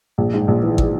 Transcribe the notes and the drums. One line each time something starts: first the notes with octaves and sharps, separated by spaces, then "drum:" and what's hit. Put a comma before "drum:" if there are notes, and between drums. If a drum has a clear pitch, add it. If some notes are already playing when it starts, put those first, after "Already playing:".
A#1
G#2
A#1
E3
drum: kick